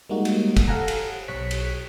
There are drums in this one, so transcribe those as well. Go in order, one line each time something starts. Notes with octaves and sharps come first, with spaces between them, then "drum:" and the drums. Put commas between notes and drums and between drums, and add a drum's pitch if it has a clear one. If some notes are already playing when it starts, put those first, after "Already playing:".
G3 G#3 A#3 D#4 F#4
drum: cymbal
drum: kick, cymbal
A4 F5 F#5 G#5 A#5
drum: cymbal
B1 C#5 F#6 B6 C#7
drum: cymbal